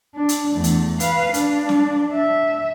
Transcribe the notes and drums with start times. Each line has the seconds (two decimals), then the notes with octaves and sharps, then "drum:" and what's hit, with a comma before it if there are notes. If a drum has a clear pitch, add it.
0.15 D4
0.29 drum: hi-hat
0.54 E2 A3
0.64 drum: hi-hat
1.00 B4 F5, drum: hi-hat
1.34 D4, drum: hi-hat
1.69 drum: snare
2.13 E5